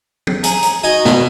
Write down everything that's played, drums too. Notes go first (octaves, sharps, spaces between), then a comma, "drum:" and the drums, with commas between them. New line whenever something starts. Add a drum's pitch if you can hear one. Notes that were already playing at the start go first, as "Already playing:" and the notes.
drum: tom
G#4 A#5, drum: hi-hat
drum: hi-hat
D#4 F#4 D#5 G#5
B2, drum: snare